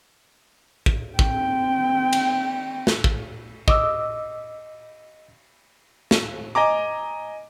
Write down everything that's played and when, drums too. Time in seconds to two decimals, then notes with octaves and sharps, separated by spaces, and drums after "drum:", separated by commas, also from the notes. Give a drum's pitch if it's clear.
0.86 drum: kick
1.19 C4 G5, drum: kick
2.13 drum: cymbal
2.87 drum: snare
3.04 drum: kick
3.68 D#5 D6 E6, drum: kick
6.11 drum: snare
6.55 D#5 G#5 A#5 D6